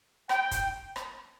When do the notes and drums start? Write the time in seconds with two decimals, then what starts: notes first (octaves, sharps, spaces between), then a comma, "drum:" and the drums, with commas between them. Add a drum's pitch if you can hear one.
0.29 G5, drum: rim click
0.51 drum: kick, hi-hat
0.96 drum: rim click